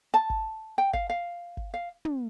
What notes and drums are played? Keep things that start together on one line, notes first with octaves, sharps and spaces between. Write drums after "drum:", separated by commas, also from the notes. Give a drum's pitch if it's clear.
A5
drum: kick G#1
G5
F5, drum: kick G#1
F5
drum: kick G#1
F5
drum: tom